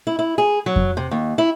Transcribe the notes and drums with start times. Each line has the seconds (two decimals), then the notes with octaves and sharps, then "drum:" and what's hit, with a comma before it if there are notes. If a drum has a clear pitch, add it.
0.07 E4
0.19 E4
0.38 G#4
0.66 F#3
0.76 drum: kick F2
0.97 C3
1.11 D#2
1.38 E4